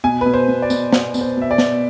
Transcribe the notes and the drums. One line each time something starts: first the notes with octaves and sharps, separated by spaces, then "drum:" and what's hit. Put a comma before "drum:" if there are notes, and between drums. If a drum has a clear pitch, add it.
B2 G#5
B2 B4
C5
B2
D5
B2, drum: tambourine
B2, drum: snare B3
B2, drum: tambourine
C5
B2 E5
D5
B2, drum: snare B3